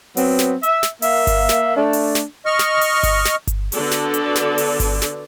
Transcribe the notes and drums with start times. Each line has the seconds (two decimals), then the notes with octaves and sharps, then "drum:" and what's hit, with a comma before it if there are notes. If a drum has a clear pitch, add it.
0.17 F#3 B3 C4, drum: open hi-hat
0.39 drum: snare
0.63 E5, drum: hi-hat
0.83 drum: snare
1.02 A#3 E5, drum: open hi-hat
1.27 drum: kick G1, open hi-hat
1.49 drum: snare
1.76 A3 D4
1.93 drum: open hi-hat
2.15 drum: snare
2.46 D#5 C#6 F6
2.59 drum: snare
2.81 drum: open hi-hat
3.03 drum: kick G1, open hi-hat
3.25 drum: snare
3.47 drum: kick G1, hi-hat
3.72 D3 B3 D4 F#4 A4 D5, drum: open hi-hat
3.92 drum: snare
4.14 drum: hi-hat
4.36 drum: snare
4.58 drum: open hi-hat
4.80 drum: kick G1, open hi-hat
5.02 drum: snare